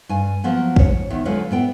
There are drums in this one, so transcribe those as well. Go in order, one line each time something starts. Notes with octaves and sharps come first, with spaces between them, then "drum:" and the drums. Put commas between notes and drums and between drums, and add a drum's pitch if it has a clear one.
G2 G#5
F3 F#3 A#3 B3
G#2 C#5, drum: kick
E2 D#3
D3 F#3 G#3 F4 B4 C#5
A2 B3 G5